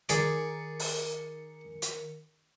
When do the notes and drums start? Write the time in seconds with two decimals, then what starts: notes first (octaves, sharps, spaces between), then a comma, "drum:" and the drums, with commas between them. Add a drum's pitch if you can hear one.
0.09 D#3 G#4 A#4 D5 C#7, drum: hi-hat
0.79 drum: open hi-hat
1.82 drum: hi-hat